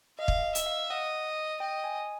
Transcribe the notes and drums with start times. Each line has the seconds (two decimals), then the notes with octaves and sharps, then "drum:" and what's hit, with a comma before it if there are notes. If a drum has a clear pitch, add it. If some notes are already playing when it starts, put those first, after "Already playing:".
0.19 D#5 F5
0.28 drum: kick
0.43 D#5
0.55 E5, drum: hi-hat
0.66 F5
0.90 D#5 F#5
1.60 D#5 G5
1.84 G#5